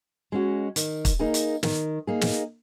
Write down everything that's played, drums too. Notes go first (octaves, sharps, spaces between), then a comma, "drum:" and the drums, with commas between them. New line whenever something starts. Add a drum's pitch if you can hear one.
G#3 C#4 F#4
D#3, drum: hi-hat
drum: kick, hi-hat
A#3 D#4 G#4
drum: hi-hat
D#3, drum: snare
A#3 D#4 G#4
drum: snare